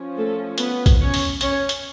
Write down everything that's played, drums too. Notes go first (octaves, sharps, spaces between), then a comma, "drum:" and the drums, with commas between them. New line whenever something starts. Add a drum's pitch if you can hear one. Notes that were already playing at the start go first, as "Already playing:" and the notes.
Already playing: F3 C#4
A3 A4
B3 B4, drum: hi-hat
drum: kick A#1, hi-hat
C#4 C#5
drum: open hi-hat
C#4 C#5, drum: hi-hat
drum: hi-hat